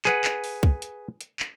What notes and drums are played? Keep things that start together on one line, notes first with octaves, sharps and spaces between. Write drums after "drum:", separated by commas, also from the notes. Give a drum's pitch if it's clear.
G#4 B4 F#5, drum: clap
drum: clap
drum: open hi-hat
drum: kick
drum: hi-hat
drum: hi-hat
drum: clap